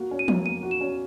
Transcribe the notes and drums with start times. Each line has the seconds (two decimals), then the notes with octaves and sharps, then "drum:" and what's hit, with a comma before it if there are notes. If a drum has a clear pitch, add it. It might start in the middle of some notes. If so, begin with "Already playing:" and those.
Already playing: A#3 F#4
0.11 C#4
0.19 D#7
0.28 A#3, drum: tom F3
0.46 A#3 D#7
0.63 F#4
0.71 E7
0.81 C#4